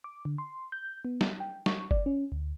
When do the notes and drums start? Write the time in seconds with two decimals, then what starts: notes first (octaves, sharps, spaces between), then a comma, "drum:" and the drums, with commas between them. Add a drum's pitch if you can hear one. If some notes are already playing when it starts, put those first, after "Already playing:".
0.04 D6
0.25 D3
0.38 C6
0.72 G6
1.05 B3
1.21 drum: snare
1.40 G5
1.66 C#6, drum: snare
1.91 D5, drum: kick F#1
2.06 C#4
2.32 D2